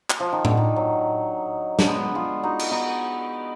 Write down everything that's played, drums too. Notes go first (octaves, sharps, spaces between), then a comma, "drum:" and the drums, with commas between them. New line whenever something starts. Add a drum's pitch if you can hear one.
drum: clap
F3
D#3
D3, drum: tom A2
D#3
F#3
D4, drum: snare
G#3 B3
F4 G#4
D#4 F#4
drum: cymbal
B3 D#4